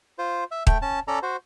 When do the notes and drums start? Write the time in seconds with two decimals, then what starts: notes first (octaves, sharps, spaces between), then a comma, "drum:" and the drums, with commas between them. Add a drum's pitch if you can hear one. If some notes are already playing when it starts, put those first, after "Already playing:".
0.18 F4 C5
0.51 E5
0.67 A3 G5, drum: kick D#1
0.82 C#4 A5
1.08 C#4 A4 D5 A#5
1.23 F#4 C5